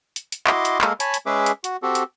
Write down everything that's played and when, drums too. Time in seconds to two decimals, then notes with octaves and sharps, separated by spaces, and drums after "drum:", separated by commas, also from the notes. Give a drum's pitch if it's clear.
0.16 drum: hi-hat
0.32 drum: hi-hat
0.47 E4 F#4 D#5 C6 D6, drum: clap
0.65 drum: hi-hat
0.81 G#3 A#3 A4 A#4, drum: clap
1.00 C#5 G#5 A5 B5, drum: hi-hat
1.14 drum: hi-hat
1.26 G#3 C#4 G#4 B4 E5 D6
1.46 drum: hi-hat
1.64 F#4, drum: hi-hat
1.83 C4 F#4 G4 A4
1.95 drum: hi-hat